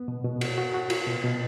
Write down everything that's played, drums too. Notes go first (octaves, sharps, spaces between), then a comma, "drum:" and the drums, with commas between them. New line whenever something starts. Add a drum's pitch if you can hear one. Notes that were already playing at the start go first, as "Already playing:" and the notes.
Already playing: B3
B2
B2
F#4, drum: cymbal
F#4
F#4
F4, drum: cymbal
B2
B2